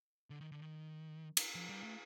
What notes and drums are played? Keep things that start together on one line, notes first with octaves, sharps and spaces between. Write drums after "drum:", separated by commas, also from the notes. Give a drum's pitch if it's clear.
D3
D#3
D3
D#3
drum: cymbal
F3
G3
A3